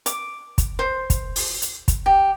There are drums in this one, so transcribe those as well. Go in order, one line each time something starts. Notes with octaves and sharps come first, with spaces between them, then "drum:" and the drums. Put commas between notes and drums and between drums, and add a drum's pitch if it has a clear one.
D6, drum: hi-hat
drum: kick, hi-hat
C5
drum: kick, hi-hat
drum: open hi-hat
drum: hi-hat
drum: kick, hi-hat
G4